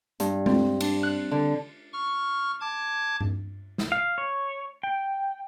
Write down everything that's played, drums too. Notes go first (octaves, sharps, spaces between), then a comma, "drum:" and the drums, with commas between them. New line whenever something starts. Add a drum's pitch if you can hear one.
G2, drum: hi-hat
C4, drum: tom G#3
D4, drum: cymbal
F#6
D3
C#6 F6
A5 D6 G#6
drum: tom G2
drum: snare
F5
C#5
G5